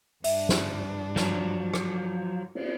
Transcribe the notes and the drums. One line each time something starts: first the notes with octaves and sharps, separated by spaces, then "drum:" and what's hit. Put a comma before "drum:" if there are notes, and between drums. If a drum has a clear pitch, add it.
G2 D4 E5, drum: open hi-hat
drum: snare
F3 F#3, drum: snare
drum: rim click
drum: cymbal